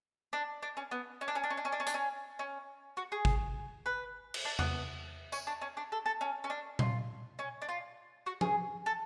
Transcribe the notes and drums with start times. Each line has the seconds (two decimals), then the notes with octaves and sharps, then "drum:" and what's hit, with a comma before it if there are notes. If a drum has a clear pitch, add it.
0.33 D4
0.63 D4
0.77 C#4
0.91 B3
1.21 C#4
1.28 D4
1.35 C#4
1.44 D4
1.50 C#4
1.57 D4
1.65 C#4
1.72 D4
1.80 C#4
1.87 D4, drum: hi-hat
1.94 C#4
2.39 C#4
2.97 F#4
3.12 G#4
3.25 drum: kick G#1
3.86 B4
4.34 drum: cymbal
4.45 D4
4.59 B3, drum: tom E2
5.32 C#4, drum: tambourine
5.47 D4
5.61 C#4
5.77 D4
5.92 A4
6.06 A4
6.21 C#4
6.44 C#4
6.50 D4
6.79 F4, drum: tom A#2
7.39 C#4
7.62 D4
7.69 F4
8.26 F#4
8.41 G#4, drum: tom F3
8.86 A4